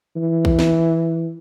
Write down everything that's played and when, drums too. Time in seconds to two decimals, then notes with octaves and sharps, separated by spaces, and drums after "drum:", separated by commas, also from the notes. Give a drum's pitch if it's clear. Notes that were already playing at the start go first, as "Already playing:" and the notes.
0.16 E3
0.45 drum: kick A#1
0.59 drum: snare